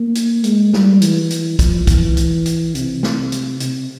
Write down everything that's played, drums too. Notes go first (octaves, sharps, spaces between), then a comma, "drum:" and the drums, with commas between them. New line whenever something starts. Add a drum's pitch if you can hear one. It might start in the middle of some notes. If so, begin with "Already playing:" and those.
Already playing: A#3
drum: hi-hat
G#3, drum: hi-hat
G3, drum: snare
E3, drum: hi-hat
drum: hi-hat
F3, drum: kick, hi-hat
E3, drum: kick, hi-hat
drum: hi-hat
drum: hi-hat
C3, drum: hi-hat
drum: snare
drum: hi-hat
C3, drum: hi-hat